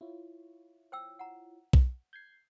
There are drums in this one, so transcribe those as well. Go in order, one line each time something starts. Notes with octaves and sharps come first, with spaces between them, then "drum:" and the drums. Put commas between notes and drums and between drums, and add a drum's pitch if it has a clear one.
E4 F4 C#5
C5 G5 E6
F#5 A#5
drum: kick B1
G6 G#6 C7